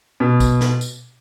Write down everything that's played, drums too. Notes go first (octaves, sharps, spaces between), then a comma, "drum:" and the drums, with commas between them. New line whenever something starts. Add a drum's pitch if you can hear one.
B2
drum: kick, tambourine
drum: snare
drum: tambourine